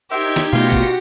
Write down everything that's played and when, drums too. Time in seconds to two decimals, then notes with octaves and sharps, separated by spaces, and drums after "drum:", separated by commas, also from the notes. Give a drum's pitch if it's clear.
0.11 D#4 G4 A#4 C5 E5 G6 G#6
0.36 drum: snare
0.53 B2 A3 B3 F4 F#4 A#6 C#7
0.72 drum: kick